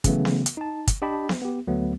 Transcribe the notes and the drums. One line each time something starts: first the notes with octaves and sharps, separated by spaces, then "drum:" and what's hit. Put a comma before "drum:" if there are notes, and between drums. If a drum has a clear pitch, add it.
C#3 E3 F#3 A3 B3, drum: kick, hi-hat
drum: snare B3
drum: hi-hat
D#4 A5
drum: kick, hi-hat
D4 G4 D#5 G5 A5 B5
drum: snare B3
B3 G4
D2 F#3 A3 B3